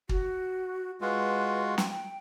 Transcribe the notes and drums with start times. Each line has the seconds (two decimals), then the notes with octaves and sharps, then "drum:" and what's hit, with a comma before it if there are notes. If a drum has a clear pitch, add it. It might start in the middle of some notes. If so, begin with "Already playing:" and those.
0.09 F#4, drum: kick
1.01 G#3 F4 F#4 B4
1.78 G5, drum: snare